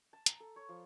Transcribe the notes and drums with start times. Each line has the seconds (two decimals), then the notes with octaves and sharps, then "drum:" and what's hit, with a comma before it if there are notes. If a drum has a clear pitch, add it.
0.13 A5
0.26 A#5, drum: hi-hat
0.40 A4
0.56 C#5
0.69 F3